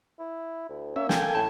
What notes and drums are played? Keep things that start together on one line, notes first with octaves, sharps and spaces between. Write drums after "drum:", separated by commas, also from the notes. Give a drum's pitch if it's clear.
E4
D2
A#3 C#4 E5
A4 G5 G#5, drum: snare
A2 A5